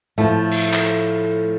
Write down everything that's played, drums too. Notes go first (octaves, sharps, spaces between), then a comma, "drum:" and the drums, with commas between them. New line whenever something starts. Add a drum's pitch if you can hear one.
A2 F3 A3
drum: cymbal
drum: clap